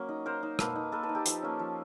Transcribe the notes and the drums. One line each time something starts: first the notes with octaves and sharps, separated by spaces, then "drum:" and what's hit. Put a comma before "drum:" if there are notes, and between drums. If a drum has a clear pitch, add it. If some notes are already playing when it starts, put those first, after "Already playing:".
Already playing: F#3 A#3 C#4 F#5
D#4
A#3 A#4 C5
D#4
A#3 A4 B4, drum: rim click
D#4
A#3 A4 B4
A4 B4
D#4
G4 A4
F3, drum: hi-hat
A#3 C#4
F3